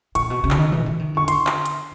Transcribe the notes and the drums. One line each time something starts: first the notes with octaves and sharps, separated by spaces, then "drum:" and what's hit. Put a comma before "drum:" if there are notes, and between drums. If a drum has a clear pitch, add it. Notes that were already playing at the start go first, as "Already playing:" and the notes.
A#2 C#6, drum: hi-hat
B2
C#3
D3, drum: clap
D#3
E3, drum: tom
E3
D#3
D3 C#6
C6, drum: hi-hat
drum: clap
drum: hi-hat